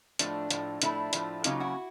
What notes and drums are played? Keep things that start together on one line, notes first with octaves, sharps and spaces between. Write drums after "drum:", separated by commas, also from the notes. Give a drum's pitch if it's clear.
A2 F3 A3 D4, drum: hi-hat
A2 F3 A3, drum: hi-hat
A2 F3 A3 D4 E4, drum: hi-hat
A2 F3 A3, drum: hi-hat
C#3 F#3 A#3 C#4 D#4 F4, drum: hi-hat
E4 F#4